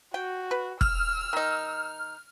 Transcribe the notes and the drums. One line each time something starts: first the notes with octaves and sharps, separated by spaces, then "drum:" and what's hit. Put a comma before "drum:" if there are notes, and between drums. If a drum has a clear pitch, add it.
F#4 G5
B4
E6 F6, drum: kick
D#3 D#4